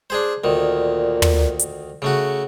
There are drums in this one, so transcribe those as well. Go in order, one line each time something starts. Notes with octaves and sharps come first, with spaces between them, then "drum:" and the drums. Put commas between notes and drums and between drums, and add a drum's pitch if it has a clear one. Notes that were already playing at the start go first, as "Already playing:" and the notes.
D4 G#4 C5
D2 A#2 D#3
drum: tom
drum: hi-hat
C#3 A3 F#4